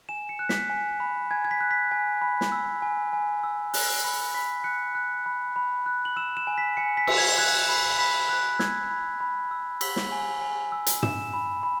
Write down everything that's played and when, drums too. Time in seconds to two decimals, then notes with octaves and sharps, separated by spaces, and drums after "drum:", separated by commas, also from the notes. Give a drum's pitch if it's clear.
0.09 G#5 E7
0.29 C#7
0.39 F#6
0.49 B6, drum: snare
0.70 G#5
1.00 B5
1.31 G#5 G#6
1.45 G#6
1.51 B6
1.60 F#6
1.71 B6
1.91 G#5
2.22 B5
2.41 drum: snare
2.52 E6
2.82 G#5
3.13 G#5
3.44 E6
3.74 F#6, drum: open hi-hat
4.05 B5
4.34 B5 B6
4.64 F#6 C#7
4.95 F#6
5.26 B5
5.56 B5
5.86 F#6
6.05 F#7
6.16 E6 E7
6.37 E7
6.47 G#5
6.58 B6
6.77 G#5 C#7
6.97 B6
7.07 E6, drum: cymbal
7.18 G#6
7.38 F#6 G#6
7.68 B5
7.99 B5 B6
8.29 F#6
8.59 E6 G#6, drum: snare
8.90 B5
9.21 B5
9.51 E6
9.81 E6 B6, drum: cymbal
9.96 drum: snare
10.12 G#5
10.41 G#5
10.72 E6
10.86 drum: hi-hat
11.03 E6 E7, drum: tom
11.33 B5
11.63 B5